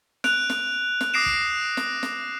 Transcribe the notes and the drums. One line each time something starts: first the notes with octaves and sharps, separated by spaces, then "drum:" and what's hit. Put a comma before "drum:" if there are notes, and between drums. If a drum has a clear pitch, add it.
F#6 D7 F7, drum: snare
drum: snare
drum: snare
D6 D#6 A#6 C7 D7 E7
drum: kick
drum: snare
drum: snare